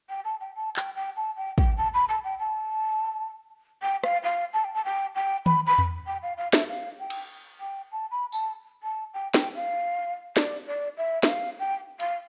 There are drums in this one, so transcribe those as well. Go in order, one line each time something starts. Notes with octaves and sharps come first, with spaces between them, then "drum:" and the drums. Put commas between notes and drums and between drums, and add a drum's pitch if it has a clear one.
G5
A5
G5
A5
G5, drum: clap
G5
A5
G5
G5, drum: kick
A5
B5
A5
G5
A5
G5
F5, drum: rim click
F5
A5
G5
A5
G5
G5
B5, drum: tom D#3
B5
drum: tom E2
G5
F5
F5
E5, drum: snare
F5
G5
drum: cymbal
G5
A5
B5
A5, drum: tambourine
A5
G5
G5, drum: snare
F5
D5, drum: snare
D5
E5
E5, drum: snare
F5
G5
F5, drum: hi-hat